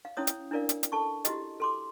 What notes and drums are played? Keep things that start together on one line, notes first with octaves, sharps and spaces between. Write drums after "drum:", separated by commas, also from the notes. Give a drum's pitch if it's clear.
F5
C#4 E4 C#5 D#6
drum: hi-hat
D4 E4 A#4 D5 F5
drum: hi-hat
drum: hi-hat
A4 A5 C#6
E4 F#4 G4 D#5, drum: hi-hat
A4 C6 D6